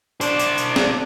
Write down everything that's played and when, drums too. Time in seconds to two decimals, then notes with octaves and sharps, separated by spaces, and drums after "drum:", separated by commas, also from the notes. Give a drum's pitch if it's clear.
0.21 D4 C5 D5, drum: tambourine
0.39 drum: tambourine
0.58 drum: tambourine
0.76 drum: snare